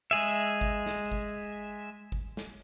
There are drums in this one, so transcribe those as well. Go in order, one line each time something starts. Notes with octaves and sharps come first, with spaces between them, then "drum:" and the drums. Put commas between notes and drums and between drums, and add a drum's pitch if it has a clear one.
G#3 G#4 E5
drum: kick G1
drum: snare
drum: kick G1
drum: kick G1
drum: snare